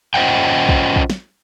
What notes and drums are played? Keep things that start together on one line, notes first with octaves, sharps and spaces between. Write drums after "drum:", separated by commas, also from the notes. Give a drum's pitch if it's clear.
C#4 F4 C5 D#5 F#5 G5
drum: kick
drum: kick
drum: snare